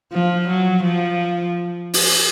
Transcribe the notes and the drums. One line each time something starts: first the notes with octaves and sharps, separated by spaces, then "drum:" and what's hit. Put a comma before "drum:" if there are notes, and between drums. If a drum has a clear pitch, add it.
F3
F#3
F3
drum: open hi-hat